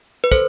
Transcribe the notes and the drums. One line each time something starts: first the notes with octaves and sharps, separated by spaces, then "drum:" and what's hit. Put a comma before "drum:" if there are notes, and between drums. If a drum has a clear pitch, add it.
B4
A4 C5, drum: kick, tambourine